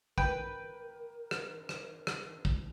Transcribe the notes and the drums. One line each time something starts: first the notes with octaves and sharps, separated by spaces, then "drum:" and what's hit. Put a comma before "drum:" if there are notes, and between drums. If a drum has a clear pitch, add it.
A#4 B4 G5, drum: kick
drum: rim click
drum: rim click
drum: rim click
drum: kick